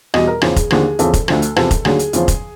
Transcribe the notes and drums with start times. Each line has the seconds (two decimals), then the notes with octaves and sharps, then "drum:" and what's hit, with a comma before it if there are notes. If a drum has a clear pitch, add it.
0.14 E2 B2 G3 D#5, drum: rim click
0.27 A#4
0.42 E2 C#3 F3 G#4, drum: rim click
0.56 drum: kick, hi-hat
0.71 D#2 D3 F3 G#4, drum: rim click
0.99 E2 C#3 F3 A4, drum: hi-hat
1.14 drum: kick, hi-hat
1.28 D2 D3 F3, drum: rim click
1.42 drum: hi-hat
1.56 E2 C3 F3 A4, drum: rim click
1.71 drum: kick, hi-hat
1.85 D#2 D3 F#3 G#4, drum: rim click
1.99 drum: hi-hat
2.13 E2 C#3 F3, drum: hi-hat
2.28 drum: kick, hi-hat